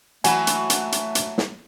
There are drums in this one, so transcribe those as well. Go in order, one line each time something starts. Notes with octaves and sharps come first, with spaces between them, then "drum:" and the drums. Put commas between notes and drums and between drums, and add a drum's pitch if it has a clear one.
E3 F#3 A3 F#4 G#5 B5, drum: hi-hat
drum: hi-hat
drum: hi-hat
drum: hi-hat
drum: hi-hat
drum: snare